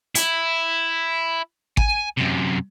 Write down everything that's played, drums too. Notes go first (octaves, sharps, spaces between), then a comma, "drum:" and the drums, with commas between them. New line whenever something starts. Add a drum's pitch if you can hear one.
E4, drum: hi-hat
G#5, drum: kick G#1
F#2 C3